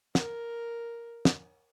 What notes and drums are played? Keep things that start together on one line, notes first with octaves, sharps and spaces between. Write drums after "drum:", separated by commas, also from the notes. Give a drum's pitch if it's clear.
A#4, drum: snare
drum: snare